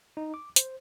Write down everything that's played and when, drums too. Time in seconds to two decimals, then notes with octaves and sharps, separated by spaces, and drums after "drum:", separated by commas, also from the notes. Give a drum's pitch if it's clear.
0.17 D#4
0.34 D6
0.56 C5, drum: hi-hat